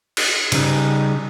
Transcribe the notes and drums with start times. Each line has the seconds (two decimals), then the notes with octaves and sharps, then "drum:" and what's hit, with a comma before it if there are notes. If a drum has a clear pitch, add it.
0.17 drum: cymbal
0.52 C#3 G3 D#4, drum: cymbal